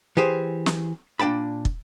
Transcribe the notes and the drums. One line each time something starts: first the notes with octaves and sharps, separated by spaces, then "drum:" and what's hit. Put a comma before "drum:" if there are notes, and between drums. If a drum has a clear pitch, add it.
E3 G4 G#4 C5
drum: snare
A#2 D4 G5 A5 B5
drum: kick